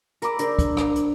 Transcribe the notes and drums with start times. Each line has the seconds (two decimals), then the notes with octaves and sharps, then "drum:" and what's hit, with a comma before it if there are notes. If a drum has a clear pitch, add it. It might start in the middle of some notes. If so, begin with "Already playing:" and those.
0.22 A#4 A#5 B5 D6 E6, drum: hi-hat
0.39 D4 A#4 C5, drum: hi-hat
0.59 drum: kick, hi-hat
0.77 drum: rim click
0.95 drum: hi-hat